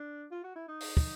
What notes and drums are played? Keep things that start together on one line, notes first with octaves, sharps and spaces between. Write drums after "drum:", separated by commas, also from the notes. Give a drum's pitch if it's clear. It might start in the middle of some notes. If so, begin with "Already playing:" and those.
Already playing: D4
F4
F#4
E4
D#4
drum: open hi-hat
drum: kick